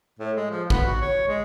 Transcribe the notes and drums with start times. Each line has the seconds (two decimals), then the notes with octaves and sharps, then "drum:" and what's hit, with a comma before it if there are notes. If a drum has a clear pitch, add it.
0.19 A2
0.36 G#3
0.50 F3
0.70 B3, drum: kick
0.86 F#4
1.01 C#5
1.27 G#3